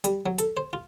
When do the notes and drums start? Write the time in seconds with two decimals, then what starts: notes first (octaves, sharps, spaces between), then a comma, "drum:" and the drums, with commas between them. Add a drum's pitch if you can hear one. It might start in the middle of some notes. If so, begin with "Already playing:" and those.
0.04 G3, drum: hi-hat
0.26 F#3
0.39 A4, drum: hi-hat
0.57 C5
0.73 F4